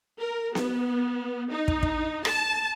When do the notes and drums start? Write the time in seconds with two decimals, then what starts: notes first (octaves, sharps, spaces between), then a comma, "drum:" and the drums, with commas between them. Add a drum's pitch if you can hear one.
0.19 A#4
0.55 B3, drum: snare B3
1.51 D#4
1.68 drum: kick
1.83 drum: kick
2.25 A5, drum: rim click